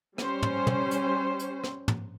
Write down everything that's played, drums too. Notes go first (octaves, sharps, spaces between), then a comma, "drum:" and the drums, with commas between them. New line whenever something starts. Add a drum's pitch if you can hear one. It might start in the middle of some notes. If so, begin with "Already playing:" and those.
G3 C#4 C5, drum: rim click
drum: tom
drum: tom
drum: hi-hat
drum: hi-hat
drum: rim click
drum: tom